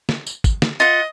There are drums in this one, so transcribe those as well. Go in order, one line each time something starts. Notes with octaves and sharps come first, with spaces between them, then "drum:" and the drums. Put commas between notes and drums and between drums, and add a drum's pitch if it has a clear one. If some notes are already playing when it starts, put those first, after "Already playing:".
drum: snare
drum: tambourine
drum: kick, tambourine
drum: snare
F4 D#5 F#5